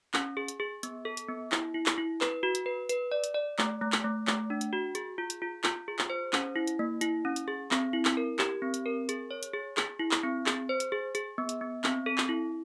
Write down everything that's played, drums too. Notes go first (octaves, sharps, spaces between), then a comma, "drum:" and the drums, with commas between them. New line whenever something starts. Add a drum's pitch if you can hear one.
C#4, drum: clap
G#4
drum: hi-hat
G#4
B3, drum: hi-hat
A4
drum: hi-hat
B3
E4, drum: clap
E4
drum: clap
E4
B4, drum: clap
F#4
drum: hi-hat
B4
B4, drum: hi-hat
D5
drum: hi-hat
D5
A3, drum: clap
A3
drum: clap
A3
A3, drum: clap
D4
drum: hi-hat
F#4
G#4, drum: hi-hat
F4
drum: hi-hat
F4
F4, drum: clap
G#4
drum: clap
C5
C#4, drum: clap
E4
drum: hi-hat
A#3
E4, drum: hi-hat
C#4
drum: hi-hat
G#4
C4, drum: clap
E4
drum: clap
A#4
G4, drum: clap
C4
drum: hi-hat
A#4
G#4, drum: hi-hat
C#5
drum: hi-hat
G#4
G#4, drum: clap
E4
drum: clap
C4
G#4, drum: clap
C5
drum: hi-hat
G#4
G#4, drum: hi-hat
B3
drum: hi-hat
B3
C4, drum: clap
A4
drum: clap
E4